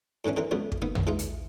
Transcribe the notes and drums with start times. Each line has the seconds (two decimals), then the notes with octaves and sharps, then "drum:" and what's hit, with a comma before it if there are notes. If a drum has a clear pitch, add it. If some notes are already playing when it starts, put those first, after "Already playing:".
0.25 A2 D3 E3 C#4 D4
0.37 D3 E3 C4 A#4
0.51 C#2 B2 D3 F3 B3
0.72 drum: kick
0.82 D#3 A#3 B3 D#4
0.95 drum: tom
1.07 E3 G#3 D#4 F4
1.19 drum: hi-hat